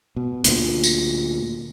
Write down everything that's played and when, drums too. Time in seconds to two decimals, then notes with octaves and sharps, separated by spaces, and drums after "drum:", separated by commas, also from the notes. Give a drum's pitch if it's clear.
0.16 B2
0.44 D2 A#2, drum: hi-hat
0.84 drum: tambourine